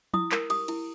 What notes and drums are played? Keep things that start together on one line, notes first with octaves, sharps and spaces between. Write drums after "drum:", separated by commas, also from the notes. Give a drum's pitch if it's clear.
E4 D#6, drum: tom F3
A#4 E6, drum: clap
G4 D#6, drum: cymbal
E4, drum: cymbal